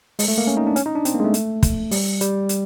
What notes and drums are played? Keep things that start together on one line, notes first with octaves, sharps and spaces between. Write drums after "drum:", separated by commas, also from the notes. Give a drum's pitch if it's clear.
G#3, drum: open hi-hat
A3
A#3
C#4
D#4
D4
C#4, drum: hi-hat
D#4
D4
C4, drum: hi-hat
A#3
G#3
A3
drum: hi-hat
drum: kick, hi-hat
G3, drum: open hi-hat
G3, drum: hi-hat
drum: hi-hat